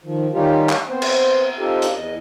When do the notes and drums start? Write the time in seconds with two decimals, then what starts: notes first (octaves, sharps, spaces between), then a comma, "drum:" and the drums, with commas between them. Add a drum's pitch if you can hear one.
0.04 D#3 F3
0.33 D#3 G3 C#4 D#4 F4 G4
0.69 drum: clap
0.89 B3 C4 C5
1.02 drum: cymbal
1.59 C4 D#4 F4 G4 A4
1.82 drum: hi-hat
1.93 E2 D#5